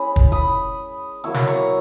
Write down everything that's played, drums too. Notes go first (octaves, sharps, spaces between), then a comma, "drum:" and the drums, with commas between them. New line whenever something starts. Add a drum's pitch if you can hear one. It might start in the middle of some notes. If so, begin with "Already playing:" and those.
Already playing: G#3 C#4 E4 B5 D#6
drum: kick
B5 D#6
F#3 A#3 E4 C#6 E6
drum: snare
A#5 C#6